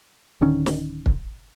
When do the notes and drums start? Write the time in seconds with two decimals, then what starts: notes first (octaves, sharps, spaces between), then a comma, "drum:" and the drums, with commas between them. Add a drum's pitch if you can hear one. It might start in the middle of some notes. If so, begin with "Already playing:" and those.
0.41 D1 D3 D#3 C#4
0.66 drum: snare
1.06 drum: kick